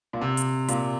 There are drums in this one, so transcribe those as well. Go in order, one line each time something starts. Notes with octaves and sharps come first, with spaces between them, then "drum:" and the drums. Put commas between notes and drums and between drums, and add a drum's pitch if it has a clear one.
A#2
C3
drum: hi-hat
A#2, drum: hi-hat